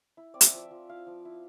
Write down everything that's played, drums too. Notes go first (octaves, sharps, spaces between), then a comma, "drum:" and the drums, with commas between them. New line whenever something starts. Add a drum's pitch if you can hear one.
E4
C4 D5
E5, drum: hi-hat
F3 D5
E5
F3
E4 F5
F3
E4